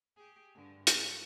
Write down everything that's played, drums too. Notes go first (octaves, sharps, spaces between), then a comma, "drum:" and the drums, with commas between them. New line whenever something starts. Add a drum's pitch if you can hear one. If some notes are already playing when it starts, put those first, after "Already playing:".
G4 G#4
G2 D3
F#3, drum: hi-hat